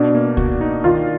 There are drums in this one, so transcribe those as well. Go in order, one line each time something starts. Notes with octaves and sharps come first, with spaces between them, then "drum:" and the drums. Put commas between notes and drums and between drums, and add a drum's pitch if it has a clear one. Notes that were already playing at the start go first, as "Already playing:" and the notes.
Already playing: B2 D4
A#3
F#4, drum: kick C#2
D#4
D#3 F4